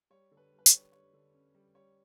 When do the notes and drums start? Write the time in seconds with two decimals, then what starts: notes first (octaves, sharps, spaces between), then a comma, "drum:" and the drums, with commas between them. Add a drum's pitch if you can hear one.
0.10 G3 C#5
0.32 D3
0.37 B4
0.52 G3
0.59 B4
0.66 C#5, drum: hi-hat
0.72 G3
0.92 G3 C#5
1.13 D3
1.34 C#4
1.54 G3
1.75 G3 C#5